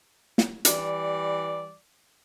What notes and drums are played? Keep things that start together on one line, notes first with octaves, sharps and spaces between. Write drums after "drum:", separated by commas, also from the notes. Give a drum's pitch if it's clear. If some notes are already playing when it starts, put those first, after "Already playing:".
drum: snare
E3 G3 D5, drum: hi-hat